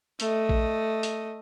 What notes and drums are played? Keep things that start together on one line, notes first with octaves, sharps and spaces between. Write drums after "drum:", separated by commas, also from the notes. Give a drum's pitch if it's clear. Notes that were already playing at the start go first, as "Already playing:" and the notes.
A3 D#5, drum: hi-hat
drum: kick
drum: hi-hat